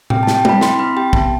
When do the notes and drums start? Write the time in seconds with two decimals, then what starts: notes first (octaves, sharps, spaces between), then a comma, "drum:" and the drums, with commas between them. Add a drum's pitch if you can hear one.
0.10 C4 G5, drum: tom A2
0.23 A5
0.27 G4, drum: snare
0.35 G5
0.45 C4 B5, drum: tom G3
0.61 E4 C6, drum: snare
0.79 C4 B5
0.97 G4 G5
1.13 B3 A5, drum: kick